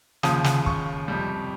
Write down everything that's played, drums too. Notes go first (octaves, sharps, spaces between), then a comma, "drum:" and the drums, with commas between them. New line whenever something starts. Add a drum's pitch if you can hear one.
D#2 C#3 F3 D#6, drum: snare
drum: snare
C#6, drum: kick
F2 C3 G3